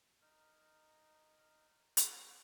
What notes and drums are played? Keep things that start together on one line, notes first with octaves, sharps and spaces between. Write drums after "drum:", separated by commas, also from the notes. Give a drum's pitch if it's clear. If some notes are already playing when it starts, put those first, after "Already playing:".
D#4 A#4
drum: hi-hat